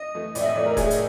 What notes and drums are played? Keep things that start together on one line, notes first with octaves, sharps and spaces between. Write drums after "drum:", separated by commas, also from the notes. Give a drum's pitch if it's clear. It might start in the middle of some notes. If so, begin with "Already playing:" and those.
Already playing: D#5
E3 A3
A2 D5, drum: hi-hat
E5
D#5
E3 A3 D5
A#4
A2 G#4, drum: kick E1, hi-hat
drum: hi-hat